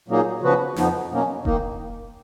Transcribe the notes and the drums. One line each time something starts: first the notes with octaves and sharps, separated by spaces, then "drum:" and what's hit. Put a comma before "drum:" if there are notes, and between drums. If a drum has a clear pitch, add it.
A#2 F#3 A#3 D#4 G#4
C#3 F3 B3 F#4 B4
F2 F3 B3 D#4, drum: snare
B2 F#3 A#3 C#4
D#3 A#3 D#4, drum: kick E1